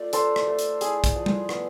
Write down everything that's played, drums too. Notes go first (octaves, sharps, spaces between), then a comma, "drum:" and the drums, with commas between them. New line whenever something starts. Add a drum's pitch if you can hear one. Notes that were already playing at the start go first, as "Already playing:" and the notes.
Already playing: A3 F4 D5
D4 A4 C5, drum: hi-hat
drum: rim click
A3
drum: hi-hat
E4 G#4, drum: hi-hat
drum: kick, hi-hat
F3
drum: tom G3
B3, drum: rim click